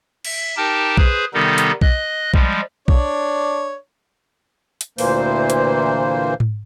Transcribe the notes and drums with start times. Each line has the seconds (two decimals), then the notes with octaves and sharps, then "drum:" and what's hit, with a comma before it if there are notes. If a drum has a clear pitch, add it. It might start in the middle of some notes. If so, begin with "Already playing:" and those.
0.25 E5, drum: cymbal
0.57 D#4 G4 A#4 G5 A5
0.97 G#4 B4 C5, drum: kick B1
1.34 C3 D#3 G3 B3 D#4 A4
1.58 drum: hi-hat
1.81 D#5 F#6, drum: kick B1
2.34 F3 G3 G#3, drum: kick B1
2.88 D4 C#5 D5, drum: kick B1
4.81 drum: hi-hat
4.98 D2 A#2 E3 A#3 C5, drum: open hi-hat
5.50 drum: hi-hat
6.40 drum: tom G#2